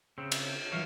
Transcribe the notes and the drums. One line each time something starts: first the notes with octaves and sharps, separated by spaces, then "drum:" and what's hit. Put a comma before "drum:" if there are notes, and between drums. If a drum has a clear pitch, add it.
C#3 C4
drum: cymbal
E3 F#3 C#5 F5